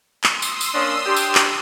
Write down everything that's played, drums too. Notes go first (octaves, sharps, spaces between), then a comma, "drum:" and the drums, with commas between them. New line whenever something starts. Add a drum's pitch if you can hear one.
C6 D#6 E6, drum: clap
drum: tambourine
drum: tambourine
A#3 C#4 D4
D4 G4
drum: tambourine
drum: clap